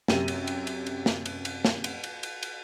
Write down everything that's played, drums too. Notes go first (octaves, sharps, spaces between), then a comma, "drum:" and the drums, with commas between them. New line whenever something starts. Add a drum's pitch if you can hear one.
F#2 C3 G4 D#7, drum: snare
drum: cymbal
drum: cymbal
drum: cymbal
drum: cymbal
drum: snare
drum: cymbal
drum: cymbal
drum: snare
drum: cymbal
drum: cymbal
drum: cymbal
drum: cymbal